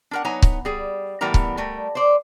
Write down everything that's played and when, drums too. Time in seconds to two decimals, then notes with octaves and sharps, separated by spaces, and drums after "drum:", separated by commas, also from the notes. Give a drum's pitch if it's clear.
0.11 D4 A#4 F#5
0.24 F#3 B3 D#4 C#5 G#5 A#5
0.42 drum: kick C#1
0.65 G3 G#4
1.21 A2 E3 G3 B3 A#4 A#5
1.34 drum: kick C#1
1.57 G3 A3 A#4
1.95 C5 D5